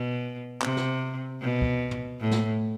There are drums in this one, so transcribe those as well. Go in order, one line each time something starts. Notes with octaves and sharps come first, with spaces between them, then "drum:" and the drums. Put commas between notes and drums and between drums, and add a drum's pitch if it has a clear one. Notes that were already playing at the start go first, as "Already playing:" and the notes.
Already playing: B2
C3, drum: clap
drum: snare
B2
drum: kick
drum: tom
A2
drum: snare